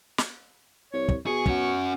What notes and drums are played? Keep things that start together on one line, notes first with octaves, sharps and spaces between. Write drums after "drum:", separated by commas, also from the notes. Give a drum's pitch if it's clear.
drum: snare
C2 C#5
drum: kick
B2 G#4 C#6
C#4 F#4, drum: kick